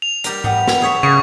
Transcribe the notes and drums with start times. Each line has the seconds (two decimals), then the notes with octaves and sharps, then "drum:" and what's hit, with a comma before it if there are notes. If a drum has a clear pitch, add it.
0.02 F7
0.24 G3 G4 A#4, drum: hi-hat
0.44 G3 B3, drum: tom G#2
0.68 drum: snare
0.82 G#4 C#5 E5
1.03 C#3 G#4 C#6